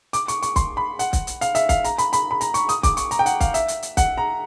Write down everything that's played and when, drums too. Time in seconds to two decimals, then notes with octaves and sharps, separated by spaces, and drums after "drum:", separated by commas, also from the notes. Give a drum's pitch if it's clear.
0.13 D6, drum: hi-hat
0.28 C#6, drum: hi-hat
0.43 C#6, drum: hi-hat
0.56 C6, drum: kick, hi-hat
0.77 B5
0.99 F#5, drum: hi-hat
1.13 drum: kick, hi-hat
1.27 drum: hi-hat
1.41 F5, drum: hi-hat
1.55 E5, drum: hi-hat
1.69 F5, drum: kick, hi-hat
1.84 A#5, drum: hi-hat
1.98 B5, drum: hi-hat
2.13 B5, drum: hi-hat
2.31 B5
2.41 A#5, drum: hi-hat
2.54 C#6, drum: hi-hat
2.69 D#6, drum: hi-hat
2.83 D6, drum: kick, hi-hat
2.97 C#6, drum: hi-hat
3.11 A#5, drum: hi-hat
3.19 G5
3.26 F#5, drum: hi-hat
3.41 F5, drum: kick, hi-hat
3.54 E5, drum: hi-hat
3.68 drum: hi-hat
3.82 drum: hi-hat
3.97 F#5, drum: kick, hi-hat
4.18 A#5